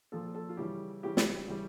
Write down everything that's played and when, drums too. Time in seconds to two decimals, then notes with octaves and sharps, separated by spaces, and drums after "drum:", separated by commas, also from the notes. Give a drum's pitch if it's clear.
0.12 A#2 F3 A4
0.35 A4
0.49 F4
0.57 C#3 E3 G3 G4
1.03 C#3 E3 G3 G4
1.17 drum: snare
1.48 C#3 E3 G3